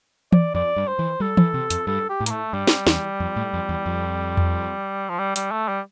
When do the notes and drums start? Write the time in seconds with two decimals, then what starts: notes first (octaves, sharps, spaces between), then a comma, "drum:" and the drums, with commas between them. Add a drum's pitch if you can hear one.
0.32 D5, drum: tom E3
0.55 F2 D5
0.77 G2
0.88 C5
0.99 E3
1.20 G3 A4
1.37 E3, drum: tom E3
1.54 C3
1.70 F2, drum: hi-hat
1.87 G2 A4
2.09 G4
2.20 A2
2.26 A#3, drum: hi-hat
2.31 A3
2.53 G2 G3
2.67 drum: snare
2.87 E2, drum: snare
3.20 F2
3.36 A2
3.53 F2
3.69 E2
3.86 F2
4.37 drum: tom E2
5.09 F3
5.19 G3
5.36 G3, drum: hi-hat
5.52 A3
5.69 G3